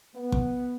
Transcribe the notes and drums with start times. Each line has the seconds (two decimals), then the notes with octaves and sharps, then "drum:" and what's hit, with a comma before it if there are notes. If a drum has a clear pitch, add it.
0.16 B3
0.32 drum: kick